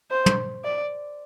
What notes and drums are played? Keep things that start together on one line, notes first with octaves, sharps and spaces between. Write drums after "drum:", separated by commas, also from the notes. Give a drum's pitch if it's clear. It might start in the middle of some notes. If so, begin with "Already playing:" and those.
C5
drum: tom
D5